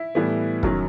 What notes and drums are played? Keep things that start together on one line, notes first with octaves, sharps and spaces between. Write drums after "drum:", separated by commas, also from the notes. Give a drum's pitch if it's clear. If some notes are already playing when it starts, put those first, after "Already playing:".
Already playing: E4
A2 E3 G3 B3
F#2 D#3 F#3, drum: kick